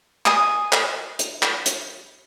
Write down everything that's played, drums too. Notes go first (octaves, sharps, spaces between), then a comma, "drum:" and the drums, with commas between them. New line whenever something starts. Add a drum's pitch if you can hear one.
G#5 D#6, drum: clap
drum: clap
drum: hi-hat
drum: clap
drum: hi-hat